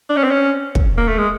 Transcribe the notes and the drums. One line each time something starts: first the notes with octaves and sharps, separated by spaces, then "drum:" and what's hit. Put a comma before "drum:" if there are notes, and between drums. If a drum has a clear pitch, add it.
D4
C#4
C4
C#4
drum: kick
A#3
A3
G#3